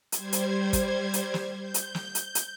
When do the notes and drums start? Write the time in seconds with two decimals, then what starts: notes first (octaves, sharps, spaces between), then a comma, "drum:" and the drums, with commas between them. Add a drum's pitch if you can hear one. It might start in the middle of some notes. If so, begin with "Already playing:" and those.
0.12 G3 C5 G#6, drum: hi-hat
0.33 drum: hi-hat
0.73 drum: kick, hi-hat
1.14 drum: hi-hat
1.34 drum: snare
1.59 G6
1.74 drum: hi-hat
1.95 drum: snare
2.15 drum: hi-hat
2.35 drum: hi-hat